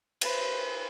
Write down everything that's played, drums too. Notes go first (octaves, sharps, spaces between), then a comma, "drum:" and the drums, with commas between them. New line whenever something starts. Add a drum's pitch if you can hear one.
B4 C5, drum: cymbal